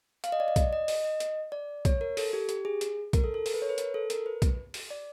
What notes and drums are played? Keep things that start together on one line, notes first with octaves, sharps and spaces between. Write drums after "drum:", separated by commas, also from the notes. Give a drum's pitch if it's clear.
F5, drum: hi-hat
D#5
D5
D#5
D5, drum: kick B1, hi-hat
D#5
D#5, drum: open hi-hat
D#5
drum: hi-hat
D5
C#5, drum: kick B1, hi-hat
A#4
A4, drum: open hi-hat
G4
G4, drum: hi-hat
G#4
drum: hi-hat
A#4, drum: kick B1, hi-hat
A4
A4
A#4, drum: open hi-hat
B4
C#5
B4
A#4, drum: hi-hat
A4
A#4, drum: hi-hat
B4
drum: kick B1, hi-hat
drum: open hi-hat
D5